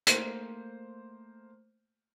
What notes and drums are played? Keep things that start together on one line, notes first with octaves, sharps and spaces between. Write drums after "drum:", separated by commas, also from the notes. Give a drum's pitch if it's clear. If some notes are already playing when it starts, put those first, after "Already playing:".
A3 A#3 C5, drum: hi-hat